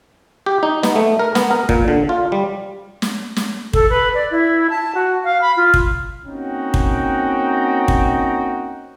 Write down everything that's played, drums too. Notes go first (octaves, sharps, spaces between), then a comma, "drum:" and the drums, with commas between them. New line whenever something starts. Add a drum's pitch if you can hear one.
G4
D#4
B3, drum: snare
A3
A#4
B3, drum: snare
A#4
A#2, drum: kick
D3
F4
G3
drum: snare
drum: snare
A4, drum: kick
B4
D5
E4
A5
F#4
F5
B5
F4
drum: kick
A#3 C4 C#4 D#4 F#4 G5
drum: kick
drum: kick